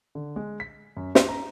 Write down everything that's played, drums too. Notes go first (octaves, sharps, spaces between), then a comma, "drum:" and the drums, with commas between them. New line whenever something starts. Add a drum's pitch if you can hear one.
D3
G#3
B6
F#2
C6, drum: snare
A#5